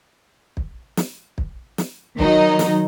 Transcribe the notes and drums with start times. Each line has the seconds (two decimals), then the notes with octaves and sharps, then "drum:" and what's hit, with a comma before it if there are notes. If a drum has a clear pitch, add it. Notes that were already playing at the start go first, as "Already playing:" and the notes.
0.57 drum: kick
0.97 drum: snare
1.38 drum: kick
1.78 drum: snare
2.19 D#3 F#3 D#4 D#5, drum: kick
2.59 drum: snare